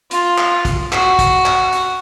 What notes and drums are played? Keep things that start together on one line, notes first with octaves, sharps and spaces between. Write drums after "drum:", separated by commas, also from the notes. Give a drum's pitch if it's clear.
F4, drum: hi-hat
drum: clap
drum: kick, hi-hat
F#4, drum: clap
drum: kick, hi-hat
drum: clap
drum: hi-hat